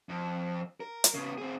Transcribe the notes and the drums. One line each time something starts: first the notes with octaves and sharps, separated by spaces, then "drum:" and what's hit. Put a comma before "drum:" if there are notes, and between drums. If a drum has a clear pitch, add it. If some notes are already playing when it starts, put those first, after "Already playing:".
F2
A#4
drum: hi-hat
C#3 B3
C4 G#4